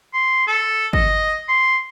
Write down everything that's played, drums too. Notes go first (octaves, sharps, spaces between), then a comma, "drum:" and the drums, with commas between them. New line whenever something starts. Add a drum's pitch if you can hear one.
C6
A4
D#5, drum: kick
C6